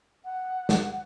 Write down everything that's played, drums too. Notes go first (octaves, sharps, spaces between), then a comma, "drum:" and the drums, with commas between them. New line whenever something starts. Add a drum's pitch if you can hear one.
F#5
drum: snare